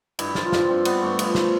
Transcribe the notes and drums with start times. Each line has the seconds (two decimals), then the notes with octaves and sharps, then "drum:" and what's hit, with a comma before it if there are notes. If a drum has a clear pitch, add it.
0.19 G2 E4, drum: cymbal
0.35 F3 F4, drum: snare
0.52 G2 F4, drum: snare
0.69 G2 C4
0.85 G2 B3, drum: cymbal
1.02 G2 A3
1.19 F3 B3, drum: cymbal
1.35 A3, drum: snare